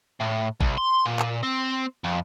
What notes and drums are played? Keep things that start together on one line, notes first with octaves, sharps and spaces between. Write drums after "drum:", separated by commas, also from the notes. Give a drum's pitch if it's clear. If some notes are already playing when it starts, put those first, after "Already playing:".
A2
C2, drum: kick
C6
A#2
drum: clap
C4
F2